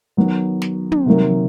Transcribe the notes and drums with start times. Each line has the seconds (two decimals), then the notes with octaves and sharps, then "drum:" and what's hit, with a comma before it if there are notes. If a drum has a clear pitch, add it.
0.17 D#3 F#3 B3
0.62 drum: snare
0.92 drum: tom
1.06 C3 D#3 F#3 A#3